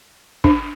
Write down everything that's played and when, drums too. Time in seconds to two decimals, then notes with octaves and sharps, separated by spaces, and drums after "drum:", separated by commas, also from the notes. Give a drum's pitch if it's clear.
0.44 D4, drum: kick